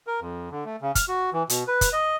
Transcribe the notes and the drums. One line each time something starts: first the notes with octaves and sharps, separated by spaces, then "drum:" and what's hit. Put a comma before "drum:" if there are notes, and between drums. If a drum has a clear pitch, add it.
A#4
F2
D3
A3
C#3
F6, drum: kick, hi-hat
F#4
E3
B2, drum: hi-hat
B4
drum: kick, hi-hat
D#5